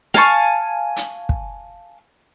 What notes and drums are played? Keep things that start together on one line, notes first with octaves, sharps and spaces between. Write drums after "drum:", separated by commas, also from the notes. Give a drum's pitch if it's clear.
F5 G#5 A5 C#6, drum: snare
drum: hi-hat
drum: kick